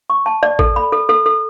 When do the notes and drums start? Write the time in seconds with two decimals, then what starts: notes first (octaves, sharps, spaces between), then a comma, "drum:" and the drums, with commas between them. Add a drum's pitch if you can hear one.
0.10 C#6
0.26 A5
0.43 D5
0.59 A4, drum: kick
0.76 B5
0.92 A4
1.09 A4
1.26 A4